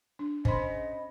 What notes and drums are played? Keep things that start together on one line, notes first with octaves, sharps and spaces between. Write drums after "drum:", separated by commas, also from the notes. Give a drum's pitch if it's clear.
D4
C#4 C5 D#5 B5 C6, drum: kick